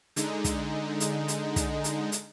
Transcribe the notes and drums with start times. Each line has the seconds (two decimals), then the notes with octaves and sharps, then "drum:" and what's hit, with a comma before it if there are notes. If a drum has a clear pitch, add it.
0.16 D3 G#3 D#4, drum: hi-hat
0.44 drum: kick, hi-hat
1.00 drum: hi-hat
1.28 drum: hi-hat
1.56 drum: kick, hi-hat
1.84 drum: hi-hat
2.12 drum: hi-hat